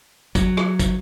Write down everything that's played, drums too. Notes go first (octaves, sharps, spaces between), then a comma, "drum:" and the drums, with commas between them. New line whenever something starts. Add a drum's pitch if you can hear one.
F#3, drum: kick, hi-hat
drum: rim click
drum: kick, hi-hat